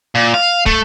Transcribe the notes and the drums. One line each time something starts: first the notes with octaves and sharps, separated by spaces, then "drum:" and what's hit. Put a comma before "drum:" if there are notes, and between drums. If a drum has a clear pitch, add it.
A#2
F5
A3, drum: kick